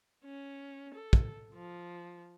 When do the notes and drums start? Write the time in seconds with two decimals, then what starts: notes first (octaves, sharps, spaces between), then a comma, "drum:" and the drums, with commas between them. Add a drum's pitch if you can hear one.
0.25 C#4
0.94 A4
1.13 drum: kick
1.54 F3